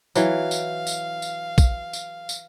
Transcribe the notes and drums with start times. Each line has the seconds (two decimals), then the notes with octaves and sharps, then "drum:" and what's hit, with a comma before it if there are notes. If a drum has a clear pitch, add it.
0.15 E3 F#3 F5, drum: tambourine
0.51 drum: tambourine
0.87 drum: tambourine
1.22 drum: tambourine
1.58 drum: kick, tambourine
1.93 drum: tambourine
2.29 drum: tambourine